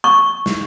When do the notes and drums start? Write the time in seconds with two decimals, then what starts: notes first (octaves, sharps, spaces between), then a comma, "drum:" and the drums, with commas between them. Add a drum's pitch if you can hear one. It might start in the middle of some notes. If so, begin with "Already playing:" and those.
0.04 C#6
0.46 drum: snare